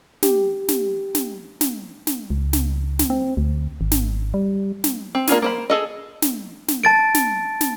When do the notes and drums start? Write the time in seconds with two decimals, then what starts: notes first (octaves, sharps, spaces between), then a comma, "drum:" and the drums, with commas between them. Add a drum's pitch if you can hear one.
0.23 G4, drum: snare
0.69 drum: snare
1.15 drum: snare
1.61 drum: snare
2.07 drum: snare
2.30 C#2
2.53 drum: snare
2.99 drum: snare
3.10 C4
3.37 D2
3.81 G#1
3.92 drum: snare
4.34 G3
4.84 drum: snare
5.15 C4
5.28 A#3 D4 F4 G#4, drum: snare
5.42 A#3 C5 B5
5.70 G#4 A4 D#5
6.22 drum: snare
6.68 drum: snare
6.83 A5 A6 D7
7.15 drum: snare
7.61 drum: snare